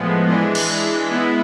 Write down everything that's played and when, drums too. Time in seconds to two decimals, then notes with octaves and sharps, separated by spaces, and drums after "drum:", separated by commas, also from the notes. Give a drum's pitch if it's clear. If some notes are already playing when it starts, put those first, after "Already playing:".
Already playing: A2 F3 G#3 B3
0.28 E3 G#3 D4
0.55 drum: cymbal
1.10 G#3 B3 E4